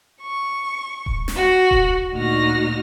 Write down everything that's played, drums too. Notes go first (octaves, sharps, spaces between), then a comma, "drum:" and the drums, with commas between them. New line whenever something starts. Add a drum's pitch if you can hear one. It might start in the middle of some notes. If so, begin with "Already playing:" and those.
C#6
drum: kick D#1
drum: snare
F#4
drum: kick D#1
D2 A#2 D#4 F#4 F6 A#6